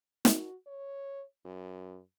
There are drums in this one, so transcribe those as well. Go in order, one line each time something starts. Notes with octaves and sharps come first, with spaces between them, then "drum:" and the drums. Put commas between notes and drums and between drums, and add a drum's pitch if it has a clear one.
F#4, drum: snare
C#5
F#2